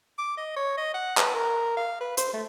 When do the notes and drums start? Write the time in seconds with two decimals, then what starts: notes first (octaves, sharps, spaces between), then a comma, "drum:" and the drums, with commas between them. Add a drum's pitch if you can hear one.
0.18 D6
0.37 D#5
0.56 C#5
0.78 D#5
0.94 F#5
1.17 B4, drum: clap
1.34 A#4
1.77 F5
2.00 B4
2.17 C5, drum: hi-hat
2.34 A3